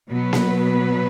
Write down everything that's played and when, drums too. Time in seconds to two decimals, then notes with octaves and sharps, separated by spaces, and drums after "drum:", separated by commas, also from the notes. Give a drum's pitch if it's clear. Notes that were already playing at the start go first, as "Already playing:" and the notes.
0.11 B2 F#3 B3 B4
0.33 drum: snare A#3